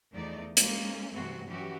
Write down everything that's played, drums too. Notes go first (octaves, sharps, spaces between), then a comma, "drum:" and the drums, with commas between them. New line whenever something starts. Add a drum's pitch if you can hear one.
E2 D#3 F3 A3 D#4 D5
G#3 A#3 C#4, drum: hi-hat
G2 C3 E3 A3 C4 F#4
E3 F#3 C#4 F#4 G4